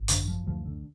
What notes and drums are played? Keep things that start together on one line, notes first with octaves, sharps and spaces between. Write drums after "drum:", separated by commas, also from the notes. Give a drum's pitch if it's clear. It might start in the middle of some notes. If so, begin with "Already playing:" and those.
Already playing: G#1
F#2 D3, drum: hi-hat
F3
D2 F3
D3